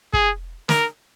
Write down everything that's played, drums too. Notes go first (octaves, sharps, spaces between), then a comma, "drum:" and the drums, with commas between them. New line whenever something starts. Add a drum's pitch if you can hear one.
G#4, drum: kick
A#4, drum: snare